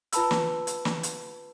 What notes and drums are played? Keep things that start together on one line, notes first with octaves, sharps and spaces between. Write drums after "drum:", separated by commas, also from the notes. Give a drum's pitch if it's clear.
F4 B4 A5 B5 E6, drum: hi-hat
drum: snare
drum: hi-hat
drum: snare
drum: hi-hat